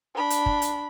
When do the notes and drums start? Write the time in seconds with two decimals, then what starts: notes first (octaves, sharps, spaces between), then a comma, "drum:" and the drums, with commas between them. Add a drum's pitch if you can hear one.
0.15 D4 B5
0.30 drum: hi-hat
0.46 drum: kick
0.62 drum: hi-hat